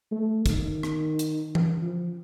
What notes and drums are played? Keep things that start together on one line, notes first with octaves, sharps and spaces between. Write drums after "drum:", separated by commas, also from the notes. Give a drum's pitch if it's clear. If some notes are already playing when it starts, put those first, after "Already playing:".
A3
D#3, drum: kick, hi-hat
drum: rim click
drum: hi-hat
drum: tom E3
F3